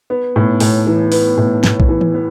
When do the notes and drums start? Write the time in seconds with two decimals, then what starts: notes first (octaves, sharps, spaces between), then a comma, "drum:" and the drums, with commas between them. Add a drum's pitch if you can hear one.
0.10 B3
0.36 A2
0.60 A2, drum: open hi-hat
0.87 E3
1.12 B3, drum: open hi-hat
1.37 A2
1.64 A2, drum: snare
1.80 drum: kick
1.89 E3
2.01 drum: tom E3
2.14 B3